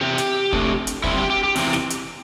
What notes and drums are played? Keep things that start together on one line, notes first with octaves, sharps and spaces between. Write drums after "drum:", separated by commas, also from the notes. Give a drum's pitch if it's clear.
E2 C3 G4
drum: hi-hat
C3 A3 D4, drum: kick
drum: hi-hat
D3 G3 C4 E4, drum: kick
G4
G4
G4
E2 C3 E3 C4, drum: open hi-hat
drum: snare
drum: hi-hat